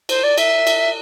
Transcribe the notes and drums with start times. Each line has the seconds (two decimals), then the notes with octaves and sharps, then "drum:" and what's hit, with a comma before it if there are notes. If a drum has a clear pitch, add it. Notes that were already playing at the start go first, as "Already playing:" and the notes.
0.09 C5, drum: cymbal
0.23 D5
0.38 E5, drum: cymbal
0.67 drum: cymbal